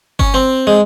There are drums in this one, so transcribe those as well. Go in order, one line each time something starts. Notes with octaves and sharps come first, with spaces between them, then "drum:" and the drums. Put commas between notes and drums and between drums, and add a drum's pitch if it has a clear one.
C#4, drum: kick G1
C4
G#3